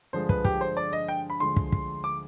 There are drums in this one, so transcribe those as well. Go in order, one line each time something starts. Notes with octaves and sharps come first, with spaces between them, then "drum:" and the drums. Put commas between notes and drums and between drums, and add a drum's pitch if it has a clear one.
G2 D3 F3 G#3 C5
B4, drum: kick
G4, drum: kick
C5
D5
D#5
G5
B5
D2 D3 F3 G#3 C6
drum: kick
drum: kick
D6